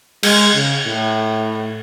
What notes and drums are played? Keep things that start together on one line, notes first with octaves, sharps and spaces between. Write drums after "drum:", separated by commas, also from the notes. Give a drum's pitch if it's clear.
G#3, drum: cymbal
C#3
A2